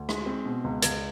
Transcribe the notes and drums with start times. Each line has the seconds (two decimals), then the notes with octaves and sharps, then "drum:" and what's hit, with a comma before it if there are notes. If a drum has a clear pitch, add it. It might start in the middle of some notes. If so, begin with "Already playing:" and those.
Already playing: D2
0.09 G#3, drum: rim click
0.26 C4
0.45 B2
0.64 C#2
0.82 C#2 G#6, drum: hi-hat